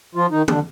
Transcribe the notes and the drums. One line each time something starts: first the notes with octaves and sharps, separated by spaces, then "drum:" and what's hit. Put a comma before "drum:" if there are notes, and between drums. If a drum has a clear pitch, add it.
F3 F4
D#3 D#4
D3 D4, drum: tom D#3